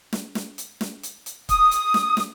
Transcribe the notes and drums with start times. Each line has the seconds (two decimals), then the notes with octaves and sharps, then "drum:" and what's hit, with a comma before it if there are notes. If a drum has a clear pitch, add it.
0.13 drum: snare
0.35 drum: snare
0.58 drum: hi-hat
0.81 drum: snare
1.03 drum: hi-hat
1.26 drum: hi-hat
1.49 D#6, drum: kick, hi-hat
1.71 drum: hi-hat
1.94 drum: snare
2.17 drum: snare